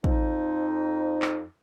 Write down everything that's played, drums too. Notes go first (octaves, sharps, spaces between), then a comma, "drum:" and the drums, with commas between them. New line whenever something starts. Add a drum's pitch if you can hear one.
F2 D#4, drum: kick
drum: clap